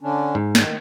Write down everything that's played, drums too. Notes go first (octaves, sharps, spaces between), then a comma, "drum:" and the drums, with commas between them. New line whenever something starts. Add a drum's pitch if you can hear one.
D3 C#4 D4
G#2
D#3, drum: snare